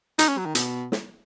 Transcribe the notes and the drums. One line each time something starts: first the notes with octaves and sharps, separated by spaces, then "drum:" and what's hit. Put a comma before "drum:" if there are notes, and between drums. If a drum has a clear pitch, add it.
D#4, drum: hi-hat
C#4
F#3
D#3
B2, drum: hi-hat
drum: snare